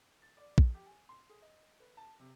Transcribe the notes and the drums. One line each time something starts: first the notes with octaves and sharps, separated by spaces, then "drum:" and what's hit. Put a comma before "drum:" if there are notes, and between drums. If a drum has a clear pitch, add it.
A6
D5
F2, drum: kick A#1
G4
G#5
C6
G#4
D#5
B4
A5
C3